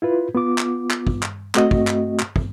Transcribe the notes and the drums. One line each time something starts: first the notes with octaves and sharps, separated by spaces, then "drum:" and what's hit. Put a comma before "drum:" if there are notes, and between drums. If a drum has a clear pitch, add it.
E4 F4 B4
B3 F4 D6
drum: clap
drum: clap
drum: kick
drum: clap
A3 C4 F#4 D#5, drum: clap
drum: kick
drum: clap
drum: clap
drum: kick